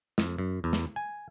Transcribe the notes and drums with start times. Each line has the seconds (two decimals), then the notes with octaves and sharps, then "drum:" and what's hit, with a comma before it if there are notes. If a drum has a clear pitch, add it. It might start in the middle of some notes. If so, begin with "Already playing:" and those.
0.18 F2, drum: snare
0.38 F#2
0.64 E2
0.73 drum: snare
0.96 G#5